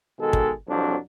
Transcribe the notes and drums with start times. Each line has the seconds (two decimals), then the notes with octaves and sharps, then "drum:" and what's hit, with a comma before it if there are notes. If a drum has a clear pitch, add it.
0.19 B2 D#3 G#3 A4
0.33 drum: kick
0.69 C2 F2 F#3 D4